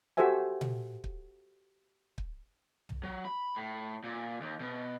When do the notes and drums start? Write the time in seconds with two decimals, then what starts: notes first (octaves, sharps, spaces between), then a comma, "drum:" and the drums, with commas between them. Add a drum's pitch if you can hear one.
0.17 F#4 G4 A4 C5 E5 G#5
0.61 drum: tom A#2
1.04 drum: kick
2.18 drum: kick
2.89 drum: tom
3.03 F#3
3.25 B5
3.56 A2
4.04 A#2
4.41 D#2
4.60 B2